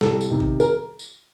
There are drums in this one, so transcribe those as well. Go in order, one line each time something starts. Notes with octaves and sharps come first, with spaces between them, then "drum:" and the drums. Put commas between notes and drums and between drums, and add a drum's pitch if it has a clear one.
C2 A4, drum: snare
drum: tambourine
C3 D#3
drum: kick A1
A#4, drum: tambourine
drum: tambourine